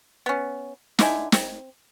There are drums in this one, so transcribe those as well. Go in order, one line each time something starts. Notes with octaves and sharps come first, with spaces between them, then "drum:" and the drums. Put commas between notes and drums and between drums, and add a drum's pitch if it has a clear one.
B3 C#4
D3 D#4 E4 G#5, drum: snare
C4, drum: snare